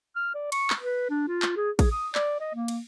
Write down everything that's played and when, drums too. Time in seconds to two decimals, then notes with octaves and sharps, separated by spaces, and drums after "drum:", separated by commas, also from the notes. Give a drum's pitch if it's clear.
0.16 F6
0.35 D5
0.52 C#6, drum: cymbal
0.70 drum: clap
0.81 B4
1.10 D4
1.28 F4
1.42 drum: clap
1.57 G#4
1.79 G#4, drum: kick, cymbal
1.92 D#6
2.15 D5, drum: clap
2.40 D#5
2.54 A#3
2.68 drum: cymbal